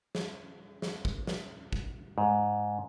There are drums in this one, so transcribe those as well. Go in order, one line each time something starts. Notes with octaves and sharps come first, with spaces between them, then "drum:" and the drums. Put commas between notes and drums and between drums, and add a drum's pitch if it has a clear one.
drum: snare
drum: snare
drum: kick G#1
drum: snare
drum: kick G#1
G#2